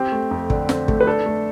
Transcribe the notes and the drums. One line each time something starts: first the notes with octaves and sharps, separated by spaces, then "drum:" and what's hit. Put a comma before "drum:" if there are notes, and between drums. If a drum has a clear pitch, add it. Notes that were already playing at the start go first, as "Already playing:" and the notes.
Already playing: C4 G4
A3
F2
D3, drum: kick
C4, drum: snare
A3, drum: kick
B4
D4 A4
A3